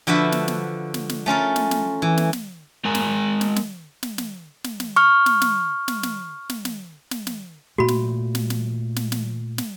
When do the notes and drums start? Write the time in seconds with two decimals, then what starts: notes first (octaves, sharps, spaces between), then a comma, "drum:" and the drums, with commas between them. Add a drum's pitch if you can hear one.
0.07 D3 F3 F#4 B4 E5
0.32 drum: snare
0.48 drum: snare
0.94 drum: snare
1.09 drum: snare
1.26 A3 C#4 F4 A#4
1.56 drum: snare
1.71 drum: snare
2.02 E3
2.17 drum: snare
2.33 drum: snare
2.85 G#3 A#4 G#5
2.95 drum: snare
3.41 drum: snare
3.56 drum: snare
4.03 drum: snare
4.18 drum: snare
4.64 drum: snare
4.80 drum: snare
4.96 C#6 F6
5.26 drum: snare
5.41 drum: snare
5.88 drum: snare
6.03 drum: snare
6.50 drum: snare
6.65 drum: snare
7.11 drum: snare
7.27 drum: snare
7.78 A#2 A3 F#4 B5
7.88 drum: snare
8.35 drum: snare
8.50 drum: snare
8.96 drum: snare
9.12 drum: snare
9.58 drum: snare